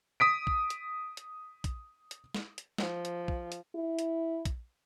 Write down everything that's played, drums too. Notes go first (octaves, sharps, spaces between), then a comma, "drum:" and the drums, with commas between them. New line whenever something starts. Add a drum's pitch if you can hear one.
D#6 B6 D7
drum: kick
drum: hi-hat
drum: hi-hat
drum: kick, hi-hat
drum: hi-hat
drum: snare
drum: hi-hat
F3, drum: snare
drum: hi-hat
drum: kick
drum: hi-hat
E4
drum: hi-hat
drum: kick, hi-hat